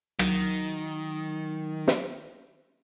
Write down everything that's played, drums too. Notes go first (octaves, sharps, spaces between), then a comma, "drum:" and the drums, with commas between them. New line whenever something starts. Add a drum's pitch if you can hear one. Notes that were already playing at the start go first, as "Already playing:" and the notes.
D#3 F#3, drum: rim click
drum: snare